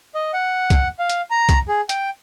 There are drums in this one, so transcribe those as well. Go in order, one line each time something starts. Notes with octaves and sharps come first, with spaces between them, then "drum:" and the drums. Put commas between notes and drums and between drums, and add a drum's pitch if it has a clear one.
D#5
F#5
drum: kick C2, hi-hat
F5
drum: hi-hat
A#5
drum: kick C2, hi-hat
G#4
G5, drum: hi-hat